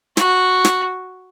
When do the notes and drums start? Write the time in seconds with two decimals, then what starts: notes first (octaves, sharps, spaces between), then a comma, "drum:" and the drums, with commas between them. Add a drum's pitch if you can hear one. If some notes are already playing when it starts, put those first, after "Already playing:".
0.17 F#4, drum: snare
0.65 drum: snare